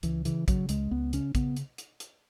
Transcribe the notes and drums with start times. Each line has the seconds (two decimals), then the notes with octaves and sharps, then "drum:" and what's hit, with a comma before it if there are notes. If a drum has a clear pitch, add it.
0.03 C#2 E3, drum: hi-hat
0.25 C#3 E3, drum: hi-hat
0.48 C#3 F#3, drum: kick, hi-hat
0.69 C#2 G#3, drum: hi-hat
0.91 C#2 B3
1.13 C#3 C#4, drum: hi-hat
1.35 C#3 B3, drum: kick, hi-hat
1.57 drum: hi-hat
1.78 drum: hi-hat
2.00 drum: hi-hat